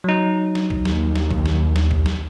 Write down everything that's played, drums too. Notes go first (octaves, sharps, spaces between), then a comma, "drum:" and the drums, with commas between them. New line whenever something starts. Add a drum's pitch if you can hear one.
F#3 D#4
drum: snare
drum: kick
D#2, drum: snare
drum: snare
drum: kick
drum: snare
drum: snare
drum: kick
drum: snare